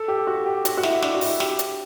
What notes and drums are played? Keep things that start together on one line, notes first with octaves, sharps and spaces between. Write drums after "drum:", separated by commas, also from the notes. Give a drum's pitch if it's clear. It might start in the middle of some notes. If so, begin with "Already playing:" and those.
Already playing: A4
G4
F#4
G4
F#4, drum: hi-hat
F#4
E4, drum: snare
D4, drum: snare
F#4
E4, drum: open hi-hat
G4, drum: snare
drum: hi-hat